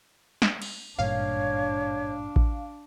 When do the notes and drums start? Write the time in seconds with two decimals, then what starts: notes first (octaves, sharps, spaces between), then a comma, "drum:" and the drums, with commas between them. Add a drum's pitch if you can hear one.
0.42 drum: snare
0.62 drum: cymbal
0.99 G#1 G2 A#2 D4 C#5 F5
2.36 drum: kick A1